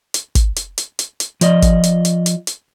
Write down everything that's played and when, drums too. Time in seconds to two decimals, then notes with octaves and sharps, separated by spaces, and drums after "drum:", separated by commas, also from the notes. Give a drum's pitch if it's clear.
0.14 drum: hi-hat
0.35 drum: kick, hi-hat
0.56 drum: hi-hat
0.78 drum: hi-hat
0.99 drum: hi-hat
1.20 drum: hi-hat
1.41 F3 F4 D5 D#5, drum: hi-hat
1.62 drum: kick, hi-hat
1.83 drum: hi-hat
2.05 drum: hi-hat
2.26 drum: hi-hat
2.47 drum: hi-hat